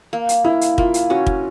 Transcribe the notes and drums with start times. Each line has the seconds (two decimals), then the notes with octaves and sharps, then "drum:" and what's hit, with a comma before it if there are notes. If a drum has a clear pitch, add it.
0.13 A#3
0.29 drum: hi-hat
0.44 A#3 E4
0.61 drum: hi-hat
0.78 A#3 F4, drum: kick
0.94 drum: hi-hat
1.10 C#4 F#4
1.26 drum: kick